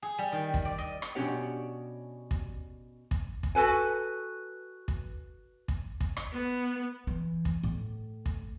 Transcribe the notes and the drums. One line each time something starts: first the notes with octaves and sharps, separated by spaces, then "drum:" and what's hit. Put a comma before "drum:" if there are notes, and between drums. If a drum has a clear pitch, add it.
G#4
G3
D#3
drum: kick
D5
D#5
drum: rim click
B2 C#4 D4 G4 C#5 F#5
drum: kick
drum: kick
drum: kick
F#4 A4 B4 G#5
drum: kick
drum: kick
drum: kick
drum: rim click
B3
E3
drum: kick
A2
drum: kick